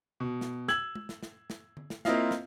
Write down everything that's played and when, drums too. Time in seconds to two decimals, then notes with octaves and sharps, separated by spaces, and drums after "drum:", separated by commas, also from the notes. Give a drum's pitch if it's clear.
0.20 B2
0.41 drum: snare
0.68 E6 G#6 F#7, drum: snare
0.95 drum: tom G#3
1.09 drum: snare
1.23 drum: snare
1.50 drum: snare
1.77 drum: tom D3
1.90 drum: snare
2.05 A#3 C4 E4 F4 D#5 F5, drum: snare
2.31 drum: snare